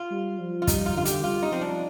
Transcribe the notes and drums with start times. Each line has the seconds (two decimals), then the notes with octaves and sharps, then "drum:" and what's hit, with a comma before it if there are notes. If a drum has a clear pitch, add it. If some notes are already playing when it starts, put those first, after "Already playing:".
Already playing: F4
0.11 G3
0.39 F3
0.62 F4
0.67 G3 D#4, drum: kick, hi-hat
0.86 F4
0.96 D3 F4
1.05 G4, drum: hi-hat
1.24 G3 F4
1.43 D#4
1.51 F3 C4
1.61 D4